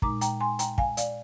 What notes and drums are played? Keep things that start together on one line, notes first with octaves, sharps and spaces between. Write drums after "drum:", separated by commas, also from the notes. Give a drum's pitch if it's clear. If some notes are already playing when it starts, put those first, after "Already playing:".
A#2 G#3 D#4 A#5 D6, drum: kick
G5 A#5, drum: hi-hat
G#5 C6
G5 A#5, drum: hi-hat
F5 G#5, drum: kick
D5 F5, drum: hi-hat